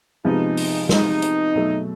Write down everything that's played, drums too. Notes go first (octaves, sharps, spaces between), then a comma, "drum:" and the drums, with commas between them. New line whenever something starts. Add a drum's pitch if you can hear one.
C3 F3 G#3 B3 D#4
drum: open hi-hat
D#4, drum: snare
drum: hi-hat
B2 F#3 A3